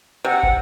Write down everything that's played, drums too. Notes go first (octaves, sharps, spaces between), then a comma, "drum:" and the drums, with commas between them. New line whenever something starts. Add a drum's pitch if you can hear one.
C3 F#5
drum: kick